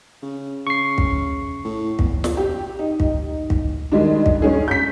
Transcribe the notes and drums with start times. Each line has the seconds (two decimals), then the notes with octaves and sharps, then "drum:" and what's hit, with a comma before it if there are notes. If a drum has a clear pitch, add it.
0.22 C#3
0.67 C#3 C#6 C7
0.98 drum: kick
1.65 A2
1.99 E2, drum: kick
2.24 drum: snare
2.37 G4
2.79 D#4
3.00 drum: kick
3.50 drum: kick
3.92 D#3 G3 G#3 D4
4.26 drum: kick
4.42 G2 C#4 G#4
4.68 G6 B6